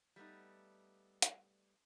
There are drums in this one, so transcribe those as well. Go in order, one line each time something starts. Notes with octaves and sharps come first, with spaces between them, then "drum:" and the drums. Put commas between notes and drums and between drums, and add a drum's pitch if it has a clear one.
G3 A3 B3 D#4
drum: hi-hat